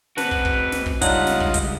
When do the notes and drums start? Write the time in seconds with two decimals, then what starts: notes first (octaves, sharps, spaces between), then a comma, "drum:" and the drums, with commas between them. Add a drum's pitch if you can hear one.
0.18 C4 F#4 B4 A5, drum: snare
0.31 drum: kick
0.45 drum: kick
0.72 drum: snare
0.86 drum: kick
1.02 C#2 G3 D4 D#4 F4 C#5 D#5 F#5, drum: kick, hi-hat
1.27 drum: snare
1.40 drum: kick
1.54 drum: kick, hi-hat